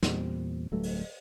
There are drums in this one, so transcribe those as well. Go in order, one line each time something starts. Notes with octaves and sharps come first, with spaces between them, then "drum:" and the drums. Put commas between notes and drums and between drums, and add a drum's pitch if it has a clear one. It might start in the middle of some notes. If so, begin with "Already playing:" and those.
E2 A#2 G3 C4, drum: snare
D1 G2 F#3 A3
drum: open hi-hat